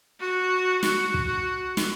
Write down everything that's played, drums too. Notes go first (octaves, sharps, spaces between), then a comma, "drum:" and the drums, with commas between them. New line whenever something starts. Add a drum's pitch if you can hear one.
F#4
F#4, drum: snare
drum: kick
drum: snare